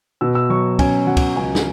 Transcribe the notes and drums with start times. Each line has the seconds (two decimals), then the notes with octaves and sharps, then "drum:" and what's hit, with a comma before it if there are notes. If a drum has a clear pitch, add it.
0.21 B2 E6
0.35 E6
0.50 F#3 C#6
0.79 C#4 G#5, drum: kick, cymbal
1.07 F#3 F#5
1.17 drum: kick, cymbal
1.36 C#2 G#5
1.55 drum: snare